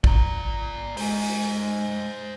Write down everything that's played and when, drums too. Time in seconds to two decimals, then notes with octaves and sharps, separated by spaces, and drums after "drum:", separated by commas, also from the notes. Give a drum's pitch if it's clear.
0.04 D5 A#5, drum: kick
0.97 G#3 C5 G#5, drum: open hi-hat
1.21 drum: open hi-hat